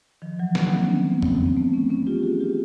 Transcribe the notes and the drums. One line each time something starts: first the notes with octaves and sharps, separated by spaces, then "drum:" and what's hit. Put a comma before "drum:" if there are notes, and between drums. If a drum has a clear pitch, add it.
D#3 F3
E3 F#3
E3 F#3, drum: snare
A#3 C4
D4
B3 C#4
A#3
B3
A#3 C4, drum: tom E2
C4
A3 B3
B3 C#4
B3 C#4
F4 G4
F#4 G#4
F4 G4